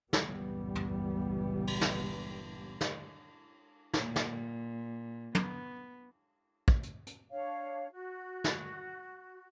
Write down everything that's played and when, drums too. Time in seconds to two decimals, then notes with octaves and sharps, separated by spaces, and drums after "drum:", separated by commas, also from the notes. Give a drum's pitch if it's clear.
0.13 G1 C#2 A#2 E3 G3 B3, drum: snare
0.75 drum: tom
1.67 drum: cymbal
1.81 drum: snare
2.81 drum: snare
3.93 A#2, drum: snare
4.16 drum: snare
5.35 B3, drum: tom
6.68 drum: kick
6.83 drum: hi-hat
7.07 drum: hi-hat
7.31 D4 C#5 F5
7.92 F#4
8.44 drum: snare